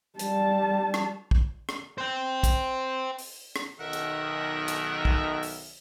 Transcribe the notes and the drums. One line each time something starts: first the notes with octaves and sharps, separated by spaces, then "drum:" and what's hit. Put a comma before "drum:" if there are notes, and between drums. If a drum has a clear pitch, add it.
G3 A5, drum: hi-hat
drum: rim click
drum: kick
drum: rim click
C5 G5
drum: kick, hi-hat
drum: open hi-hat
drum: rim click
B1 D#3 A#4 E5 F#5
drum: hi-hat
drum: hi-hat
drum: kick
drum: open hi-hat